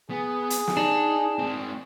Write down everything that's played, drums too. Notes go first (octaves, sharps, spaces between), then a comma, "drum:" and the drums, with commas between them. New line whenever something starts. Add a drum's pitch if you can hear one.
B3 G#4
drum: hi-hat
drum: snare
D4 D#4
G#3 C4